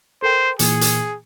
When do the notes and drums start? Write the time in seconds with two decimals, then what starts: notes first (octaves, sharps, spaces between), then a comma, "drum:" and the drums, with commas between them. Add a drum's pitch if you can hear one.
0.23 A4 A#4 C5 G5
0.59 A#2 E3 G#4 C#7, drum: hi-hat
0.81 drum: hi-hat